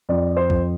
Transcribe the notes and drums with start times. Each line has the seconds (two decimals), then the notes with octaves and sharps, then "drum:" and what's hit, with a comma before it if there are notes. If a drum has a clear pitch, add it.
0.09 F2 D5
0.36 C5
0.50 F2, drum: kick